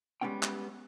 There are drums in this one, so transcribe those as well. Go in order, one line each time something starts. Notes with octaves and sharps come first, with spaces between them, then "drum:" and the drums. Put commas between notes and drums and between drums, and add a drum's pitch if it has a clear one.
G3 G#3 B3 C#4 G5
drum: clap